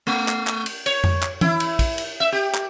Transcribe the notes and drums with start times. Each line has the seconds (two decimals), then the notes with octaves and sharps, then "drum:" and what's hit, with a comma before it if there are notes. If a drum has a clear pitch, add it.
0.07 A3
0.28 drum: clap
0.47 drum: clap
0.66 drum: cymbal
0.86 C#5, drum: cymbal
1.04 drum: tom F2
1.23 drum: clap
1.41 E4, drum: tom E3
1.60 drum: cymbal
1.79 drum: kick, cymbal
1.98 drum: cymbal
2.20 E5
2.32 G4
2.54 drum: clap